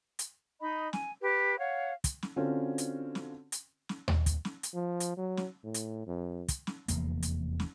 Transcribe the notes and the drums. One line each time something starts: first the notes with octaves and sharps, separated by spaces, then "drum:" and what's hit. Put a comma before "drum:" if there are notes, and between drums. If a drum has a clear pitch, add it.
drum: hi-hat
D#4 D#5 B5
G#5, drum: snare
G4 B4
C#5 F5 F#5
drum: kick, hi-hat
drum: snare
D3 C4 C#4 F4 F#4 A4
drum: hi-hat
drum: snare
drum: hi-hat
drum: snare
drum: tom D#2
drum: kick, hi-hat
drum: snare
drum: hi-hat
F3
drum: hi-hat
F#3
drum: snare
A2
drum: hi-hat
F2
drum: kick, hi-hat
drum: snare
F1 E2 A#3, drum: hi-hat
drum: hi-hat
drum: snare